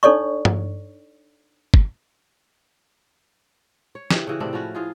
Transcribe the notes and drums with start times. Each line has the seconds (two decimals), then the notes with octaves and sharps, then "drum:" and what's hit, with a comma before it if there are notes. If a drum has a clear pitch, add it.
0.03 D4 D#4 A4 C#5 D5 C#6
0.45 drum: tom G2
1.74 drum: kick
3.95 C#5
4.11 C#3 E3 G4, drum: snare
4.27 C#3 E3 F#4
4.40 A2 C3 C4 D4
4.53 F3 C#4 E4 F#4
4.75 A2 F4 G#4